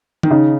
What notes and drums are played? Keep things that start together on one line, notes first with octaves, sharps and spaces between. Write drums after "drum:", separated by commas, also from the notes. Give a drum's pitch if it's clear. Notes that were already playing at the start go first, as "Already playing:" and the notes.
D#3, drum: tom D#3
C#3 D#4